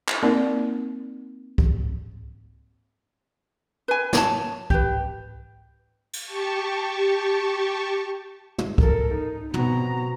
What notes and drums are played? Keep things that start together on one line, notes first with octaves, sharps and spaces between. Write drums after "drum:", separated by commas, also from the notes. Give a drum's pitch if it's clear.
drum: clap
A#3 C4 D#4 A#4 D5
drum: kick C2
B4 G#5
C#5 A5, drum: snare
G4 B4, drum: kick C2
drum: cymbal
G4 A5 C#6
drum: tom
A4 A#4, drum: kick C2
D#4
B2 B3 C4 F#4 A#5, drum: tom